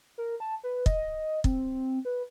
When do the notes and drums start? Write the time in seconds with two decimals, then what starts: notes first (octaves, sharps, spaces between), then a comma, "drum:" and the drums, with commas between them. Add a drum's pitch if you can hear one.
0.18 A#4
0.40 A5
0.64 B4
0.86 D#5, drum: kick
1.44 C4, drum: kick
2.05 B4